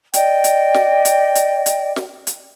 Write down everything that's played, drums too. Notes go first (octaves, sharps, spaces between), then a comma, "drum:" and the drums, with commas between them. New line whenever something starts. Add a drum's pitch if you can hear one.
D5 D#5 G5, drum: hi-hat
drum: hi-hat
drum: snare
drum: hi-hat
drum: hi-hat
drum: hi-hat
drum: snare
drum: hi-hat